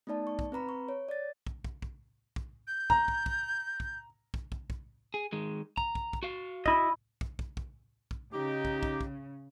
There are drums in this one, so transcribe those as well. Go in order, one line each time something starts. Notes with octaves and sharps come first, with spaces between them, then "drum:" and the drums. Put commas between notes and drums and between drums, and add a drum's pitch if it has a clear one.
A3 B3 D#4 D5 A5
C#6
drum: kick
C4 B4 A#5 B5
C#6
C#5
D5 A6
drum: kick
drum: kick
drum: kick
drum: kick
G6
A#5, drum: kick
drum: kick
drum: kick
drum: kick
drum: kick
drum: kick
drum: kick
G#4
D#3 G#3
A#5, drum: kick
drum: kick
drum: kick
F#4 F5
E4 D#5, drum: kick
drum: kick
drum: kick
drum: kick
drum: kick
C#3 D#4 G4
drum: kick
drum: kick
drum: kick